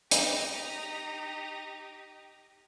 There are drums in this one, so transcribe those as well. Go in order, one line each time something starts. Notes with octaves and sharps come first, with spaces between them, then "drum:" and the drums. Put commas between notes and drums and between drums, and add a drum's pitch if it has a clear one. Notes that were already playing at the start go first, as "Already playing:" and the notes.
D#4 G4, drum: hi-hat